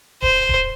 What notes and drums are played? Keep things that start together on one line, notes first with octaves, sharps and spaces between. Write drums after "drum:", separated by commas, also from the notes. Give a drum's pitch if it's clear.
C5, drum: kick D1
drum: kick D1